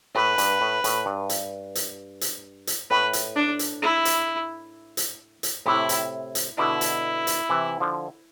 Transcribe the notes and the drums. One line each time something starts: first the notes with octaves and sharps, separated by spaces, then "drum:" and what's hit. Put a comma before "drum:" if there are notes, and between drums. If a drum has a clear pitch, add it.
A2 B4
G2, drum: hi-hat
A2
A2, drum: hi-hat
G2
drum: hi-hat
drum: hi-hat
drum: hi-hat
drum: hi-hat
A2 B4
drum: hi-hat
D4
drum: hi-hat
E4
drum: hi-hat
drum: hi-hat
drum: hi-hat
A2 C3 E4
drum: hi-hat
drum: hi-hat
B2 D3 E4
drum: hi-hat
drum: hi-hat
C3 E3
D3 F3